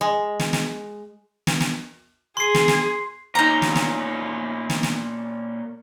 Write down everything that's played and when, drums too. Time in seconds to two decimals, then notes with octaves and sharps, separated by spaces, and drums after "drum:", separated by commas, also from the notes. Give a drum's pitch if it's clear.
0.01 G#3
0.39 drum: snare
0.53 drum: snare
1.47 drum: snare
1.60 drum: snare
2.37 G#4 C6 C7
2.55 drum: snare
2.68 drum: snare
3.35 A#2 C#4 D#4 A#5
3.62 drum: snare
3.75 drum: snare
4.70 drum: snare
4.83 drum: snare